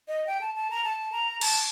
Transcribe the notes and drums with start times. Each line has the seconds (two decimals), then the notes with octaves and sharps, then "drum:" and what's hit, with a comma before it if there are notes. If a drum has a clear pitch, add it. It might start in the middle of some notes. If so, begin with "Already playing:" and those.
0.08 D#5
0.27 G5
0.41 A5
0.55 A5
0.70 A#5
0.84 A5
1.12 A#5
1.41 A5, drum: cymbal